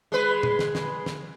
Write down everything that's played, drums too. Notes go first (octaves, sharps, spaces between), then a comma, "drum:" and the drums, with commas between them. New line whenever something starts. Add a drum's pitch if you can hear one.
G#3 B4
drum: tom
drum: snare
drum: snare
drum: snare